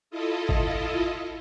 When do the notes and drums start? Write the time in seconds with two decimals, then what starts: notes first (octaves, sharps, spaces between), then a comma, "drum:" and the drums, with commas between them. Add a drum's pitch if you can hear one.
0.11 E4 F4 A4 D#5
0.49 drum: kick G#1